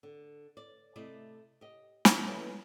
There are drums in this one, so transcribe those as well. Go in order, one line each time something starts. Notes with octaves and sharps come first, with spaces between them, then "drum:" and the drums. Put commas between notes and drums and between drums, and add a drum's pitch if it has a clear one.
D3
D5
C3 A3 E4 D5 D#5
G4 D#5
drum: snare
E3 G#3 A3 B3 C#4 E4